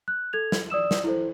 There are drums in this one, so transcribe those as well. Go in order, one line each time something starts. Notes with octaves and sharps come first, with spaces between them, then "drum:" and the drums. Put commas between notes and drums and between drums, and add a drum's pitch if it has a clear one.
F#6
A4 G#6 F7
drum: snare
D5 D#6 E6 E7
drum: snare
E4 A4 C5